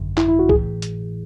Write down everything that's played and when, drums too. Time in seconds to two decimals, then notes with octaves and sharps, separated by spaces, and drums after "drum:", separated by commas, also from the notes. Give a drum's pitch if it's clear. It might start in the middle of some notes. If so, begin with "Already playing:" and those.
Already playing: G#1 F#2 D3
0.17 E4, drum: clap
0.28 E4
0.39 F#4
0.49 A2 E3 G#4, drum: kick C2
0.82 drum: hi-hat